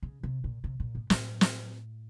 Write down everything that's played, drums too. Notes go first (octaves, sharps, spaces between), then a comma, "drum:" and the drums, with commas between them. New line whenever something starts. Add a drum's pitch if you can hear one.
C#3
C3
A#2
C3
A#2
A2
A2, drum: snare
drum: snare